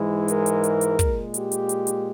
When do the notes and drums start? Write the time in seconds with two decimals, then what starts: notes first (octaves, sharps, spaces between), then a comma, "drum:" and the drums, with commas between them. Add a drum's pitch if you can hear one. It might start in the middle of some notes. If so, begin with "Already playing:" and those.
Already playing: G#2 E3 G#3 E4
0.28 A#4, drum: hi-hat
0.46 drum: hi-hat
0.64 drum: hi-hat
0.81 drum: hi-hat
0.99 A#2 G#3, drum: kick, hi-hat
1.34 G4, drum: hi-hat
1.52 drum: hi-hat
1.69 drum: hi-hat
1.87 drum: hi-hat